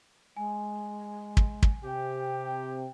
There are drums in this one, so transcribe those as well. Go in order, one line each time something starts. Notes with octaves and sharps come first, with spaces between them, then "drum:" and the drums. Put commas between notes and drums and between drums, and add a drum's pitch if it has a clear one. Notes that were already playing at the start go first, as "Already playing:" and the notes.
G#3 G#5
drum: kick
drum: kick
C3 G4 G5